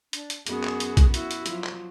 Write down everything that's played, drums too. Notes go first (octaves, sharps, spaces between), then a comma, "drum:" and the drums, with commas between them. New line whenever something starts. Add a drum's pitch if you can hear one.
D4, drum: hi-hat
drum: hi-hat
F#2 B3 F#4 G#4, drum: hi-hat
drum: clap
drum: hi-hat
drum: kick, hi-hat
E4 F#4, drum: hi-hat
drum: hi-hat
F3 F#3, drum: hi-hat
drum: clap